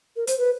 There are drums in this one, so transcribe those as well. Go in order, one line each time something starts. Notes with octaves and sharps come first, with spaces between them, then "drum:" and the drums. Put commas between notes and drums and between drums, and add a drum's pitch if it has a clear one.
A#4
C5, drum: hi-hat
B4